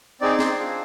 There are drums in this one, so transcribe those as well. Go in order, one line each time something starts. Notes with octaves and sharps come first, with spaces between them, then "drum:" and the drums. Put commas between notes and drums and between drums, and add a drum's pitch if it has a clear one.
C4 D#4 G#4 D5
C5, drum: snare
D4 F4 G#4